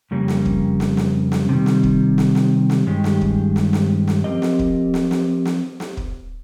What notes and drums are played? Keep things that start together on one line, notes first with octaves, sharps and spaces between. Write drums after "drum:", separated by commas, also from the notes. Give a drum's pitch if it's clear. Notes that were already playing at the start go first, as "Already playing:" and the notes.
F2 C#3 G3 A#3 C#4
drum: snare
drum: kick
drum: snare
drum: snare
drum: snare
C3 D#3 G3
drum: snare
drum: kick
drum: snare
drum: snare
drum: snare
G2 D#3 G#3 C#4 G4
drum: snare
drum: kick
drum: snare
drum: snare
drum: snare
F3 C4 G4 A#4 D#5
drum: snare
drum: kick
drum: snare
drum: snare
drum: snare
drum: snare
drum: kick